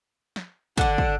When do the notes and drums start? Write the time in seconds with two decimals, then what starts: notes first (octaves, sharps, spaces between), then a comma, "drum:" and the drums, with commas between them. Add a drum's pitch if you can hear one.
0.36 drum: snare
0.78 D3 D4 F#5, drum: kick
0.98 drum: kick